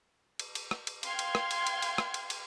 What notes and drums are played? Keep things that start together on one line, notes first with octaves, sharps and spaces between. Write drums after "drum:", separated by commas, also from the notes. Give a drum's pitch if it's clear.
drum: cymbal
drum: cymbal
drum: rim click
drum: cymbal
F5 G5 C6 F6 G#6, drum: cymbal
drum: cymbal
drum: rim click
drum: cymbal
drum: cymbal
drum: cymbal
drum: rim click
drum: cymbal
drum: cymbal